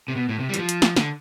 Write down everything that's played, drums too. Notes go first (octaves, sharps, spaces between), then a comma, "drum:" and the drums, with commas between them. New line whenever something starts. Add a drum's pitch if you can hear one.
C3
B2
A2
C3
G3
E3, drum: hi-hat
F3
drum: hi-hat
drum: snare
D3, drum: snare